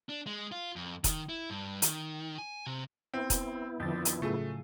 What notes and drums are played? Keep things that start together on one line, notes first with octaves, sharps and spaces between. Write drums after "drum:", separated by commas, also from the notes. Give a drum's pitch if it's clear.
D4
G#3
F4
F2
D#3, drum: kick E1, hi-hat
E4
G2
D#3, drum: hi-hat
G#5
C3
B3 C4 E4
drum: kick E1, hi-hat
F2 D3 D#3 F3 G6 A6
drum: hi-hat
A2 C#3 F#3 A3 F4 G#4